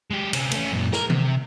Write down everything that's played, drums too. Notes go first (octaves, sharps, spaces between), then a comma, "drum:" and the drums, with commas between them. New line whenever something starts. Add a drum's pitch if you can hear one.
G#3 G4
C3 C#4, drum: cymbal
A3 C#4, drum: cymbal
F#2 A#2
A#4, drum: snare
C3, drum: tom D#3